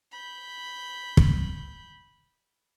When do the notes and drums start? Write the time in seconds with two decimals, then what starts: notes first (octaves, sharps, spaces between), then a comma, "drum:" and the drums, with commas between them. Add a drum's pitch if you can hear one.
0.12 B5 G6
1.17 drum: kick